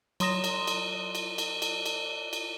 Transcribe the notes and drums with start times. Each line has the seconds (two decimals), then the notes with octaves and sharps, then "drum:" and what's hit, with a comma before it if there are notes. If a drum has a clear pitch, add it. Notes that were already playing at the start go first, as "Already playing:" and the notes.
0.20 F#3 C6 D#6 A#6 E7, drum: cymbal
0.44 drum: cymbal
0.67 drum: cymbal
1.15 drum: cymbal
1.38 drum: cymbal
1.62 drum: cymbal
1.86 drum: cymbal
2.33 drum: cymbal